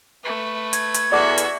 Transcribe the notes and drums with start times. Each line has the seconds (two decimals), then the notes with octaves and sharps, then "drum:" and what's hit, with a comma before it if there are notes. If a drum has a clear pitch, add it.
0.24 A3 B4
0.73 G#6, drum: hi-hat
0.94 drum: hi-hat
1.12 E2 B3 F#4 A4 D5 E5 D6
1.38 drum: hi-hat